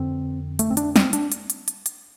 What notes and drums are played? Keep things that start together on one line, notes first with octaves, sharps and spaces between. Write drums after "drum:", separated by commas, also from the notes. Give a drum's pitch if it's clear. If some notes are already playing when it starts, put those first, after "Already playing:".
Already playing: F2 D3 C4
A3, drum: hi-hat
C4
D4, drum: hi-hat
C4, drum: snare
D4, drum: hi-hat
drum: hi-hat
drum: hi-hat
drum: hi-hat
drum: hi-hat